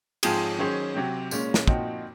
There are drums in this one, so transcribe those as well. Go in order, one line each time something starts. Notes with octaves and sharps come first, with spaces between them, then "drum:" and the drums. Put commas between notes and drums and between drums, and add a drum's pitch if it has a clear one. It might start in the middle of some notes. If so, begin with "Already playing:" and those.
G#2 F3 C4 F4 G#4, drum: cymbal
D#3 F#3 C#4 G#4 C5
C3 F#3 C4
A#2 G#3 C#4, drum: tambourine
drum: snare
A#2 F3 C4 D#4 F#4, drum: kick